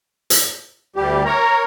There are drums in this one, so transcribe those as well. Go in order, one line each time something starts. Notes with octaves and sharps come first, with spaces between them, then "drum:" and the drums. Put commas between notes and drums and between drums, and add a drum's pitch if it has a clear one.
drum: hi-hat
D2 G3 G4
A#4 C#5 A#5